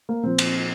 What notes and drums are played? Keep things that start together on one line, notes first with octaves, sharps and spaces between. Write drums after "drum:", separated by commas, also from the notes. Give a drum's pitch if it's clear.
A#3
A#2 F3 C4
drum: cymbal